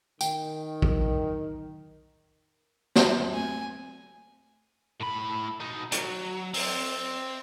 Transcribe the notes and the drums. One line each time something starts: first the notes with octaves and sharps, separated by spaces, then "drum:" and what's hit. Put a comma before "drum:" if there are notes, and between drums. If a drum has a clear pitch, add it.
D#3 G5, drum: tambourine
drum: kick
drum: snare
A3 C4 G#5
A2 B5
B2 D#4
F#3, drum: hi-hat
C4, drum: open hi-hat